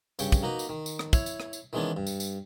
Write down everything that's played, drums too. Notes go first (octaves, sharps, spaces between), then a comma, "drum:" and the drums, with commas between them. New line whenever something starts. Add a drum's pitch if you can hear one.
G2 C#3 G5 C#6, drum: tambourine
drum: kick, tambourine
A#3 D#4 F#4 B4
drum: tambourine
D#3
drum: tambourine
drum: rim click
E4 C#5, drum: kick, tambourine
drum: tambourine
drum: rim click
drum: tambourine
D#3 E3 G#3 B3 C#4 D4
G2
drum: tambourine
drum: tambourine